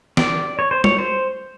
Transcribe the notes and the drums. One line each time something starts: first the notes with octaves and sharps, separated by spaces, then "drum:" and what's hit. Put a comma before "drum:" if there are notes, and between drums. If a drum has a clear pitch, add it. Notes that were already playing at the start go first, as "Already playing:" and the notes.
D5, drum: snare
C#5
C5
C#5, drum: tom
C5